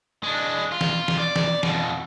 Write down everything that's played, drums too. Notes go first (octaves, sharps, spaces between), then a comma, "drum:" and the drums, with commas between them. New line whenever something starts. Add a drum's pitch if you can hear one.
G#3 D4
F4
drum: snare
drum: snare
D5
drum: snare
F2 B2, drum: snare